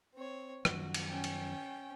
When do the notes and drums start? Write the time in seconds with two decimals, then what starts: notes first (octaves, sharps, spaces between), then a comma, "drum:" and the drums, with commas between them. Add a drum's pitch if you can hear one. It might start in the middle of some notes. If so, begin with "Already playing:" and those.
0.14 C4 C#5
0.65 F#2 D#3 F3 F#4, drum: rim click
0.94 drum: cymbal
1.10 C#4 G5
1.24 drum: cymbal